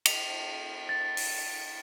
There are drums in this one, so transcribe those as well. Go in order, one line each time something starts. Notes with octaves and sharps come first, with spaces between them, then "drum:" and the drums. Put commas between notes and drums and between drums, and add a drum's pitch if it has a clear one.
F7, drum: cymbal
A6
drum: open hi-hat